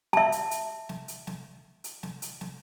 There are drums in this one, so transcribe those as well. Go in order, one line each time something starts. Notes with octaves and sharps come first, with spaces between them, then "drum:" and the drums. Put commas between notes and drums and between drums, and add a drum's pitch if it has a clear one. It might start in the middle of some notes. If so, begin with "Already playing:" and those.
E5 A5, drum: snare
drum: hi-hat
drum: hi-hat
drum: snare
drum: hi-hat
drum: snare
drum: hi-hat
drum: snare
drum: hi-hat
drum: snare